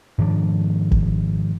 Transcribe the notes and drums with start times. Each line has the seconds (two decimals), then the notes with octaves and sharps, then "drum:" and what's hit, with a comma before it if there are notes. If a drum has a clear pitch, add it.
0.18 G#2 D#3 F3 D4
0.92 drum: kick G1